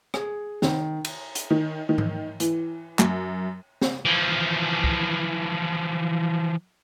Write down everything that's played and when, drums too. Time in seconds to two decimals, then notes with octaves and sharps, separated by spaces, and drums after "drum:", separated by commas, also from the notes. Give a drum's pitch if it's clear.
0.14 G#4, drum: rim click
0.62 D#3, drum: snare
1.05 drum: cymbal
1.35 drum: hi-hat
1.50 D#3
1.89 D#3
1.98 drum: tom
2.40 E3, drum: hi-hat
2.99 F#2, drum: clap
3.82 drum: snare
4.05 E3 F3
4.84 drum: kick